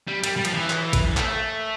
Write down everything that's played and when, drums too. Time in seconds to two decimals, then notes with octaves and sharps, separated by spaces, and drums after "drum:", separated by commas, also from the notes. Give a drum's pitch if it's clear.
0.07 G3
0.24 G3, drum: cymbal
0.37 G3
0.45 F3, drum: cymbal
0.54 E3
0.70 drum: clap
0.93 drum: kick A1, cymbal
1.17 A3, drum: clap